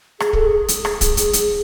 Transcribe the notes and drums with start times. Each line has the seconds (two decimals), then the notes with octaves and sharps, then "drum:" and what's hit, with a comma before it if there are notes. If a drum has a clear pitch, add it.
0.20 G#4, drum: rim click
0.33 A4, drum: kick
0.47 G#4
0.68 drum: hi-hat
0.85 drum: rim click
1.01 drum: kick, hi-hat
1.17 drum: hi-hat
1.33 drum: hi-hat